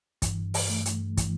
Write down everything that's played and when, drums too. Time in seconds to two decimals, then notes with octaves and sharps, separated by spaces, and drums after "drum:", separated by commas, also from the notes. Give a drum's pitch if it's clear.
0.22 G2 E3, drum: kick, hi-hat
0.54 drum: open hi-hat
0.69 A3
0.85 drum: hi-hat
1.17 E3, drum: kick, hi-hat